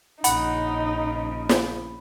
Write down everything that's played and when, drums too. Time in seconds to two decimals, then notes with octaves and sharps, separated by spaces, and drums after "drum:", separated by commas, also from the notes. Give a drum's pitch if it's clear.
0.24 A#1 C#3 D#4 F#5 B5, drum: hi-hat
1.49 drum: snare